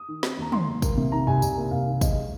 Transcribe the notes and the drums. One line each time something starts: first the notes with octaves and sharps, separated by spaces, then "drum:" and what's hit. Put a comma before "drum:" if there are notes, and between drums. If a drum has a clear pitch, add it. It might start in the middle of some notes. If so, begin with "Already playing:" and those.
Already playing: D#6
D#3
C4, drum: snare
D#2 A#5
D#3 C6, drum: tom
D#2
A#3, drum: kick, tambourine
C3
D#3 A#5
C2 G#5
C2, drum: tambourine
A#3
C2 F5
D#3
G#3 D#5, drum: kick, tambourine